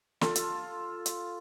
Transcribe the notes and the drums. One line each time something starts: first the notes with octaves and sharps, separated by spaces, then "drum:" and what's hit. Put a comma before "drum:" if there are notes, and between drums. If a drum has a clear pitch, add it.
F4 A4, drum: snare
drum: hi-hat
drum: hi-hat